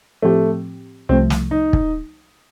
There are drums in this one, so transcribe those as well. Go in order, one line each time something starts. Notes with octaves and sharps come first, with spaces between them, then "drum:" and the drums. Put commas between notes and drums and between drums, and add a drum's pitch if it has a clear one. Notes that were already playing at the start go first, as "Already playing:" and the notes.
A2 F3 A3 C4 G4
C2 C3 F3 A3 C4
drum: snare
D#4
drum: kick